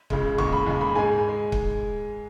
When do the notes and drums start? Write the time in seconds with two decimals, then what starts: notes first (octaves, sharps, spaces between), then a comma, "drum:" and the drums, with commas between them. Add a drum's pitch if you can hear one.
0.10 C#2 C#3 G#3, drum: kick
0.38 D#2 C#3 G#3 C#6, drum: kick
0.52 B5
0.66 D#2 C#3 G#3
0.81 B5
0.95 G#2 G#3 G#5
1.29 G#3
1.52 drum: kick